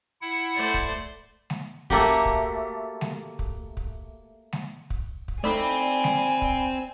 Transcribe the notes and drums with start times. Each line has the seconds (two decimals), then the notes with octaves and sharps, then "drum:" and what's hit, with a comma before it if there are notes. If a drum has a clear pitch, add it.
0.22 E4 F#5
0.55 A3 C5 D5
0.74 drum: kick
1.50 drum: snare G#3
1.90 A3 A#3 F#4 G4, drum: kick
2.25 drum: kick
3.01 drum: snare G#3
3.39 drum: kick
3.77 drum: kick
4.53 drum: snare G#3
4.90 drum: kick
5.28 drum: kick
5.44 A3 C4 D#4 D5 G#5 B5
6.04 drum: snare G#3
6.42 drum: kick